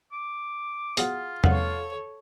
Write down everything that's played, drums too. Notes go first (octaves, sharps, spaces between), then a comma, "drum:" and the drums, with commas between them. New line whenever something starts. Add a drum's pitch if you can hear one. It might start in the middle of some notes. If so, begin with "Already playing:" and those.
D6
B2 F3 F4 G#4 F#5, drum: hi-hat
A#2 C#3 A4 B4 C#5 F5 F#5, drum: tom E2